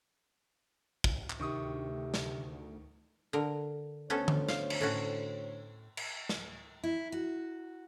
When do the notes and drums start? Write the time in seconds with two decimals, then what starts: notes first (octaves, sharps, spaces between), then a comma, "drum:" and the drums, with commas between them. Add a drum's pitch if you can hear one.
1.04 drum: kick
1.30 drum: clap
1.40 D2 C3 D#3 C#6 D#6
2.14 drum: snare
3.33 D3 A#4
4.10 D2 B3 C#4 A4 C5 C#5
4.28 drum: tom D3
4.48 F5, drum: snare
4.70 drum: cymbal
4.81 A2 C#4 F#4
5.97 drum: cymbal
6.29 drum: snare
6.84 E4
7.12 F#4